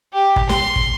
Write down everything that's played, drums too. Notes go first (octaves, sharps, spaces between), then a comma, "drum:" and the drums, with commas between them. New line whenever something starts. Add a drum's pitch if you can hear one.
G4
drum: kick
C6, drum: snare
drum: kick